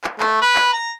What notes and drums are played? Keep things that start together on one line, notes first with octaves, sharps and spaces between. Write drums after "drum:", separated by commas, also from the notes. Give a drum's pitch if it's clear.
drum: clap
A3, drum: clap
B4
drum: clap
A#5